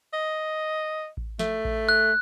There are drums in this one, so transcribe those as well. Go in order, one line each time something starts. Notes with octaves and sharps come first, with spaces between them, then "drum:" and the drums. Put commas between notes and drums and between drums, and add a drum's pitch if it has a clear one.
D#5
drum: kick A1
A3, drum: snare
drum: kick A1
F#6